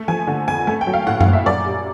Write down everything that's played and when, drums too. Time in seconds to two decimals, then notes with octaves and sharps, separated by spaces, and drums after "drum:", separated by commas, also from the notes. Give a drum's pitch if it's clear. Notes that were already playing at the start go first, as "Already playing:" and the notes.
Already playing: A3
0.08 F3 G#5
0.27 D3
0.48 F2 G#5
0.67 A3 G#5
0.81 G5
0.87 F#3
0.94 F5
1.07 A2 F#5
1.20 F5, drum: tom F#2
1.26 A#1
1.33 E5
1.46 F#2 D5
1.66 G3